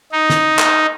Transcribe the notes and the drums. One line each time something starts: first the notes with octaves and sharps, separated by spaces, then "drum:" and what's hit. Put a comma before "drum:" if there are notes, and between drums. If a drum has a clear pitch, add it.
D#4
drum: snare
drum: clap